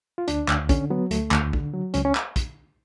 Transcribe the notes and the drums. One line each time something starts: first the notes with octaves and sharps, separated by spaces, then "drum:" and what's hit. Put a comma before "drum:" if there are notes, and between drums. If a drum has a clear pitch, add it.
F4
D2 D4, drum: hi-hat
D2, drum: clap
D3 C#4, drum: kick, hi-hat
F#3 B3
D2 A3, drum: hi-hat
D2, drum: clap
D3, drum: kick
F#3
C#2 C#4, drum: hi-hat
C#4
drum: clap
drum: kick, hi-hat